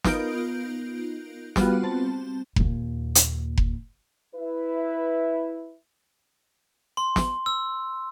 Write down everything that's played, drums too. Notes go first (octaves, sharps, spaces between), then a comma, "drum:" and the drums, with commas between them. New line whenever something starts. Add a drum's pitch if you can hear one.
B3 D#4 F4 A#4 G6 D7, drum: snare
G3 B3 F4 F#4, drum: snare
C4 A5
D#2 A#2, drum: kick F1
drum: hi-hat
drum: kick F1
E4 B4 E5
C6
drum: snare
E6